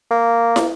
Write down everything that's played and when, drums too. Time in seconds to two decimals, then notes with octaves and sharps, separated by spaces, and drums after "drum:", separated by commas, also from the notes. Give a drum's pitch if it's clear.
0.11 A#3
0.56 drum: snare